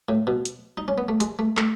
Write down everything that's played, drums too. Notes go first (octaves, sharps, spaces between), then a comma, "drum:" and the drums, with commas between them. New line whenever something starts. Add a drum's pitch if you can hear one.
A2
B2
drum: hi-hat
D#4
C#4
B3
A3
G#3, drum: hi-hat
A3
A3, drum: clap